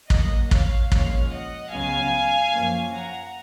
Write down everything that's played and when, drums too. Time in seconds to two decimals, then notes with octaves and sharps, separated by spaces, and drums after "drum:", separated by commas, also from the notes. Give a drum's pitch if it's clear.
0.10 G#2 F#3 A#3 D#5 F#5, drum: kick
0.51 C#5 F5, drum: kick
0.92 A#2 F3 G#3 C#4 C#5 F5, drum: kick
1.31 D#5 F#5
1.71 C#2 C#3 F#3 B3 F5 G#5
2.52 F#2 F3 A#3 C#4
2.92 F#5 A#5